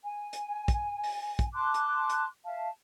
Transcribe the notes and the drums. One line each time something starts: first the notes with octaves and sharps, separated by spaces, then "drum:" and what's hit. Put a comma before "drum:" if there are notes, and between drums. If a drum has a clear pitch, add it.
G#5
drum: hi-hat
drum: kick, hi-hat
drum: open hi-hat
drum: kick, hi-hat
A5 C6 D6 F#6
drum: hi-hat
drum: hi-hat
E5 F5 A5